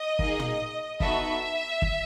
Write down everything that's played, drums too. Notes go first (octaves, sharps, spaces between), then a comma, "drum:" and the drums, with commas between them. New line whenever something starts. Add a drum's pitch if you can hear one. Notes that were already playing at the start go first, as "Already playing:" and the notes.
Already playing: D#5
A#3 D#4 G#4, drum: kick
drum: tom
B3 D#4 F#4 A4 E5, drum: kick
drum: kick